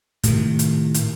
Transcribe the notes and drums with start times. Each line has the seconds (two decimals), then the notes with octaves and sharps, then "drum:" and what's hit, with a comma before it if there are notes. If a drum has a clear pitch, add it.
0.23 A2 C3 D#3, drum: hi-hat
0.59 drum: hi-hat
0.94 drum: hi-hat